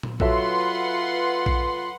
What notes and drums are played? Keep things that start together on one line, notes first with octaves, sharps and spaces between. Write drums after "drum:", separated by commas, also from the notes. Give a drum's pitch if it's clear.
drum: tom A#2
F#3 F4 A4 B4 E5 F#5 C6, drum: kick A#1
drum: kick A#1